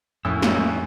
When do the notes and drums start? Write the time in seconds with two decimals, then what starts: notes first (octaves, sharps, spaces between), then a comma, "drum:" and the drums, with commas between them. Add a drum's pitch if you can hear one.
0.25 F2 A2 A#3 C#4 E4 G#5 E6
0.42 drum: snare